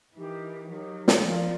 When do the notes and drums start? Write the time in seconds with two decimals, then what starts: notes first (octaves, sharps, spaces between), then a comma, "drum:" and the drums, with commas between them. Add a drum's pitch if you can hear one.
0.15 E3 D#4 G4 A#4
0.69 F#3 D#4 G4 A#4
1.08 drum: snare
1.23 F3 F4 A#4 D5 F5